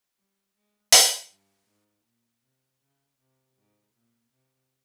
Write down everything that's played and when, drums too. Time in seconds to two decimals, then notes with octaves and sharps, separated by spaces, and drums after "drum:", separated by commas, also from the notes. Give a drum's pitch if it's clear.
0.17 G3
0.54 G#3
0.92 F3, drum: open hi-hat
1.30 G2
1.67 G#2
2.05 A#2
2.43 C3
2.81 C#3
3.19 C3
3.56 G#2
3.94 A#2
4.32 C3